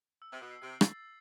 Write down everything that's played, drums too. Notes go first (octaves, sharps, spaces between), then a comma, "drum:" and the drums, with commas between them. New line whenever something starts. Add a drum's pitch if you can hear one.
E6
C3
B2
C7
C3
A6, drum: rim click